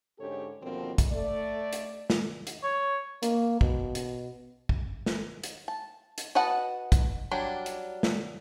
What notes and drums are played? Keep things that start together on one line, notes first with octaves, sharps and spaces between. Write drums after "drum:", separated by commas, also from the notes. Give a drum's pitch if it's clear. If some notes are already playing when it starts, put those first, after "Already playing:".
G#2 D3 C#4 G4 A4 C#5
D#2 B2 D3 F3 C4 A#4
drum: kick, hi-hat
A3 D5
drum: hi-hat
drum: snare
drum: hi-hat
C#5
A#3, drum: hi-hat
B2, drum: kick
drum: hi-hat
drum: kick
drum: snare
drum: hi-hat
A5
drum: hi-hat
F#4 B4 D#5 F#5 A5
drum: kick, hi-hat
F#3 G3 D4
drum: hi-hat
drum: snare